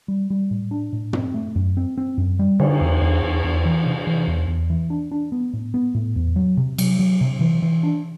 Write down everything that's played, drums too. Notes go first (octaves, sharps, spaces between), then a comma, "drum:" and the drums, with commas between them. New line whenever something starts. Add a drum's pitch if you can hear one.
G3
G3
A2
D4
A2
C4, drum: tom
A3
F#2
C4
C4
F#2
G3
D3, drum: cymbal
E2
E2
E2
E2
E3
C3
E3
E2
E2
E3
D4
D4
B3
A2
B3
A2
E2
F#3
C3
F#3, drum: cymbal
F#3
C3
E3
E3
D4